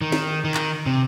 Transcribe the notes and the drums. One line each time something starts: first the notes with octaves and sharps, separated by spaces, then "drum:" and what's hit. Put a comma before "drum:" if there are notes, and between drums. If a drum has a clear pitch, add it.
D#3
drum: snare
D#3
drum: clap
C3